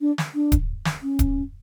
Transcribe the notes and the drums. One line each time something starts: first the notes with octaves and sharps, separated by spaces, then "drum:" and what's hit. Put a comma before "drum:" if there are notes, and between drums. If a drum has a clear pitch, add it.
D4
drum: snare
D4
drum: kick D1, hi-hat
drum: snare
C#4
drum: kick D1, hi-hat